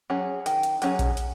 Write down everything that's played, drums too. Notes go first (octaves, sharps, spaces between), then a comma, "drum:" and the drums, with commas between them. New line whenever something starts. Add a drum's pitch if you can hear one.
F#3 C#4 G#4
D#3, drum: hi-hat
drum: hi-hat
F#3 C#4 G#4, drum: hi-hat
drum: kick A#1, hi-hat
drum: hi-hat